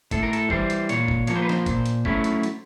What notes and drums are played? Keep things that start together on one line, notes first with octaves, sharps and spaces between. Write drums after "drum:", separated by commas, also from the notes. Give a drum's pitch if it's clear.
A2 A4, drum: kick, hi-hat
A#4
A4, drum: hi-hat
E3 G3 C5, drum: kick
drum: hi-hat
A#2 C#5, drum: hi-hat
drum: kick
F3 A#3 C#5, drum: hi-hat
C5
B4
C5, drum: snare
A#2, drum: kick, hi-hat
drum: hi-hat
F#3 A3 C#4 E4, drum: kick
drum: hi-hat
drum: hi-hat